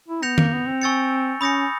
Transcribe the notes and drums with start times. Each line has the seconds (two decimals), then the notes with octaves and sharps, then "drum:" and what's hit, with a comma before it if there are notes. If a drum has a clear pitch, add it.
0.08 E4
0.22 B3 G6 A#6 C#7 F7
0.38 A#3, drum: tom D#3
0.52 B3
0.67 C4
0.82 G#5 C#6 E6 A6 C#7
1.41 C#4 B5 D#6 G6 A#6 C#7